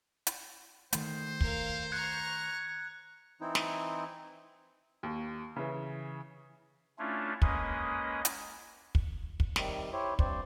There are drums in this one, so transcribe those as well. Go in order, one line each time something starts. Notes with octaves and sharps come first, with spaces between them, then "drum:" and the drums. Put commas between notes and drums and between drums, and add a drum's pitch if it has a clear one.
drum: hi-hat
D#3 A3 C5, drum: hi-hat
A#4 F5, drum: kick
A#5 C#6 F#6 G#6 C#7
E3 C4 D#4 E4
drum: snare
D#2
C#3 E3
A3 C#4 D4 E4 F4
G#3 A#3 C#4 B4 D#5, drum: kick
drum: hi-hat
drum: kick
drum: kick
C3 D#3 G3, drum: snare
E4 G4 C5 C#5
G2 C4 C5 D5, drum: kick